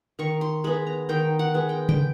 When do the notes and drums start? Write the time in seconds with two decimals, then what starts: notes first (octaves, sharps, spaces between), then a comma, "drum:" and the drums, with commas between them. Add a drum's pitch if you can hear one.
0.19 D#3 C#6
0.41 C6
0.64 G#3 B3 B5
0.87 A#5
1.09 D#3 G5
1.39 F#5
1.54 G#3 B3
1.69 G5
1.89 G5, drum: tom C#3